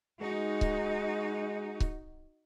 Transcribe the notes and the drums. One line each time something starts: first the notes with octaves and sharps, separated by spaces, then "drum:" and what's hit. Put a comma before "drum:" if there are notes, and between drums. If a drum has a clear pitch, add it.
G#3 D#4 F#4
drum: kick C#1
drum: kick C#1